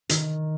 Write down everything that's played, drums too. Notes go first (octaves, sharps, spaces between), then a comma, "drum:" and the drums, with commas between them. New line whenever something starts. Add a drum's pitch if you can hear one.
D#3, drum: hi-hat